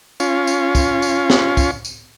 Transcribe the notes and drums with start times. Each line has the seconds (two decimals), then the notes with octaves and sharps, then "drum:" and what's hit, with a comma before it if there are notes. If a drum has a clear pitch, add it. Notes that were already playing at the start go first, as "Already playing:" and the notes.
0.20 C#4 F4, drum: tambourine
0.47 drum: tambourine
0.75 drum: kick, tambourine
1.02 drum: tambourine
1.30 drum: snare
1.57 drum: kick, tambourine
1.85 drum: tambourine